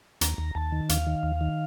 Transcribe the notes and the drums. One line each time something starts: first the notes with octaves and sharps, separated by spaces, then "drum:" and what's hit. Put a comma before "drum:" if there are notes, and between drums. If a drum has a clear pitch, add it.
D#2 A#5, drum: hi-hat
D#2
D#2 A5
D#3
D#2 F5, drum: hi-hat
D#3
D#2
D#3